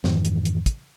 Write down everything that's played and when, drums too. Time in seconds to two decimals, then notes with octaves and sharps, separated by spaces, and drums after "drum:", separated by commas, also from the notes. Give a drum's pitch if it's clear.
0.04 F2 G#2 D#3 E3, drum: snare
0.25 drum: hi-hat
0.45 drum: hi-hat
0.66 drum: kick, hi-hat